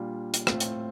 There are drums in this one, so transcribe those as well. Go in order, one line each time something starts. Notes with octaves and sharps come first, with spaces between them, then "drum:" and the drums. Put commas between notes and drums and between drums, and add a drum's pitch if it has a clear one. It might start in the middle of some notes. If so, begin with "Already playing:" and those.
Already playing: A#2 G3 D4 F4
drum: hi-hat
A2 A3 C4 F4, drum: rim click
drum: hi-hat